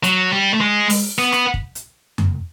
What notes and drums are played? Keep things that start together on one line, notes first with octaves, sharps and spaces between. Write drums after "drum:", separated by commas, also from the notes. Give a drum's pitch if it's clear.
F#3, drum: hi-hat
G3
A3
G#3
drum: open hi-hat
B3
drum: rim click
drum: kick
drum: hi-hat
drum: tom F2